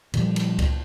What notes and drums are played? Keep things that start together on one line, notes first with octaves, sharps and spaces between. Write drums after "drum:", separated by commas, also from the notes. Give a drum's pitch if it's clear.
A#2 D3 F3 G3, drum: cymbal
drum: cymbal
drum: kick C#2, cymbal